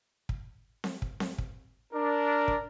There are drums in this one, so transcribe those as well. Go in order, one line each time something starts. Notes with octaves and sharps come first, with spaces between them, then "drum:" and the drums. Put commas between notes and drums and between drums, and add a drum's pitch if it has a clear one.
drum: kick
drum: snare C4
drum: kick
drum: snare C4
drum: kick
D4 A#4
drum: kick